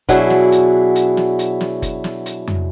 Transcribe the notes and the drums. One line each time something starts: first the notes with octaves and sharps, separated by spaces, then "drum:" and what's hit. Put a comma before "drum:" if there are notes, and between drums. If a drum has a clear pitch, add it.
B2 F#3 D4 E4 G#4, drum: kick F#1, hi-hat
drum: snare
drum: hi-hat
drum: hi-hat
drum: snare
drum: hi-hat
drum: snare
drum: kick F#1, hi-hat
drum: snare
drum: hi-hat
drum: tom F2